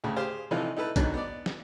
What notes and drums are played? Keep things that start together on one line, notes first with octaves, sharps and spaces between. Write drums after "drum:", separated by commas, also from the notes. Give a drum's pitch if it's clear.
D2 A2 C#3
G4 G#4 C5 F5
C3 E3 F3 D#4 F4 A4
D#4 E4 A4 B4
G#2 B2 D3 D#3 F#3, drum: kick A#1, hi-hat
B3 D5
drum: snare